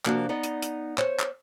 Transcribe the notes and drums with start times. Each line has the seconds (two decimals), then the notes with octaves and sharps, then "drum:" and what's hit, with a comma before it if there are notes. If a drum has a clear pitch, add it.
0.05 C3 F3 A#3 D4 F#4, drum: clap
0.29 B3 D#4 D5 D#5
0.43 drum: hi-hat
0.62 drum: hi-hat
0.98 C5 C#5, drum: clap
1.19 drum: clap